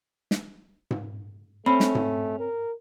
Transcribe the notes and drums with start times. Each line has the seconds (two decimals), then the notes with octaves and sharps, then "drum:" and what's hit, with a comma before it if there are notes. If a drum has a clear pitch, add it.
0.31 drum: snare
0.91 drum: tom G#2
1.66 A3 C4 C#4 B5
1.80 drum: snare
1.95 drum: tom G#2
2.40 A#4